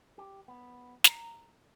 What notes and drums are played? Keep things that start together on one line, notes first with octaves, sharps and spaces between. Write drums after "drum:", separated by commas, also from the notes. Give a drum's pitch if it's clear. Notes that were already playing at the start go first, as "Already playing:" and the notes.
G4
B3
A#5, drum: snare